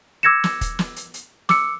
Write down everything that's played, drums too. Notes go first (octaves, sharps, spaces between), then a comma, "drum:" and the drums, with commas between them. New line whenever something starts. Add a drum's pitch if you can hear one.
D6 E6 G#6 A#6 C#7 E7
drum: snare
drum: kick, hi-hat
drum: snare
drum: hi-hat
drum: hi-hat
D6 E6 C#7, drum: snare